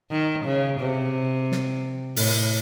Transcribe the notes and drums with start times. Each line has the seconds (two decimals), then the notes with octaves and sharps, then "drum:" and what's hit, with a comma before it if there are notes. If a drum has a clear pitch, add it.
0.11 D#3
0.45 C#3
0.80 C3
1.52 drum: snare
2.16 A2, drum: open hi-hat